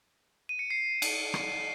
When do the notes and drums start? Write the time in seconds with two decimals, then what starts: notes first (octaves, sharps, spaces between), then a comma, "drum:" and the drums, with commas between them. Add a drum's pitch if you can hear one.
0.49 D#7
0.59 C#7
0.70 C7
1.02 drum: cymbal
1.34 drum: rim click